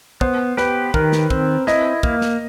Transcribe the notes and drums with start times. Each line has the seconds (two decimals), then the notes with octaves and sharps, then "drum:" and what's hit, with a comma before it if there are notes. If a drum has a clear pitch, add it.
0.21 B3 C5, drum: kick
0.57 G4 B4, drum: snare
0.94 D#3 A#4, drum: kick
1.12 drum: snare
1.30 C4, drum: kick
1.67 E4 D#5, drum: snare
2.03 A#3, drum: kick
2.22 drum: snare